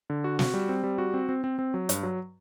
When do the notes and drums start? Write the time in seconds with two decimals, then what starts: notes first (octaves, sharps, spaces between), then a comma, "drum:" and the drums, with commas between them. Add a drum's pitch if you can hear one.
0.10 D3
0.24 F#4
0.39 F#4, drum: snare
0.54 G3
0.69 C4
0.84 G3
0.98 F#4
1.14 C4
1.29 C4
1.44 C4
1.59 C4
1.74 F#3
1.89 G2, drum: hi-hat
2.03 F#3